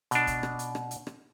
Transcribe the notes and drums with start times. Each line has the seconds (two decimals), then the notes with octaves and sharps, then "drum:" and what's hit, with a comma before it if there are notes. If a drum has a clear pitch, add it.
0.11 B2 D4, drum: hi-hat
0.27 drum: kick, hi-hat
0.43 drum: rim click
0.59 drum: hi-hat
0.75 drum: rim click
0.91 drum: hi-hat
1.07 drum: rim click